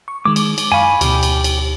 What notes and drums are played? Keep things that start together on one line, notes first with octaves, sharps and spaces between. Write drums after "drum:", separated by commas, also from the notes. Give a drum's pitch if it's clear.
C#6
D#3 G#3 D6
drum: cymbal
drum: cymbal
F#2 F5 G#5 B5 C#6
D2 B2 G4, drum: cymbal
drum: cymbal
drum: cymbal